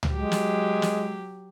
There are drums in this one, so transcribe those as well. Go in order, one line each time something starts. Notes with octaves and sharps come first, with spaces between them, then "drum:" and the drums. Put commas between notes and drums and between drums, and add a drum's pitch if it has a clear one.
drum: tom C#2
F#3 G#3 G4
drum: snare
drum: snare